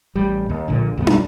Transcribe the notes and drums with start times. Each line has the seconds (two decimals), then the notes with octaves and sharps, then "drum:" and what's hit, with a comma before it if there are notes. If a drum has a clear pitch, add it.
0.15 A1 G3
0.49 D#2
0.68 A#1 A#2 D3
0.97 B1 F#2 G3 B3
1.07 drum: tom